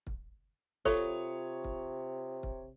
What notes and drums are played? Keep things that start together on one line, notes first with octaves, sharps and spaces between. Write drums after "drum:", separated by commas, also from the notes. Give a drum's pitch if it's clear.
drum: kick
C3 F4 A4 C#5 D#6, drum: kick
drum: kick
drum: kick